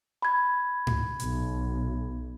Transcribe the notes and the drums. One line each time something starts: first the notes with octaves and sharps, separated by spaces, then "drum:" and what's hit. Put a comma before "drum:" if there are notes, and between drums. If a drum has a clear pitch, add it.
B5 G#6
drum: tom G#2
B1, drum: hi-hat